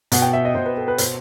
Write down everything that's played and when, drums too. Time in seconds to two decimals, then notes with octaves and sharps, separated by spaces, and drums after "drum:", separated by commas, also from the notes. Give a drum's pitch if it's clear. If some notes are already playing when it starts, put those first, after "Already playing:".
0.12 B2 F#5, drum: hi-hat
0.22 G5
0.33 E5
0.45 D#5
0.55 B2 C5
0.66 B4
0.77 A4
0.88 B4
0.98 B2 C5, drum: hi-hat